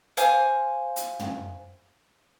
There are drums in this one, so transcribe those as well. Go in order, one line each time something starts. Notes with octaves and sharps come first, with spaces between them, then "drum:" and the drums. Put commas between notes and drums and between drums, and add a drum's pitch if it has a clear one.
C5 F5 G#5 D6, drum: hi-hat
drum: hi-hat
drum: tom